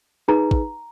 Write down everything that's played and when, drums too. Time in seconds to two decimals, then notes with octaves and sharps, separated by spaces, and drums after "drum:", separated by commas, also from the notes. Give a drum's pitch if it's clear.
0.28 D#4 G#4 B4 A#5
0.51 drum: kick